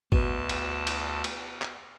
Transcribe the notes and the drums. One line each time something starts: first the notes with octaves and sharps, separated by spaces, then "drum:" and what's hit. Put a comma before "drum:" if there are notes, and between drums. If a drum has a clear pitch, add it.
D2 B2 A5, drum: kick G#1
drum: cymbal
drum: cymbal
drum: cymbal
drum: clap